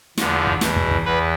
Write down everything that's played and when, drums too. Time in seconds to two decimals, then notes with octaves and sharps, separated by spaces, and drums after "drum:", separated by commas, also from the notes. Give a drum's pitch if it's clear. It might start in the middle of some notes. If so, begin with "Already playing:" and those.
0.18 E2 D3 F3, drum: snare
0.47 drum: kick
0.61 E2 B2, drum: snare
0.76 drum: kick
0.91 drum: kick
1.05 E2 B4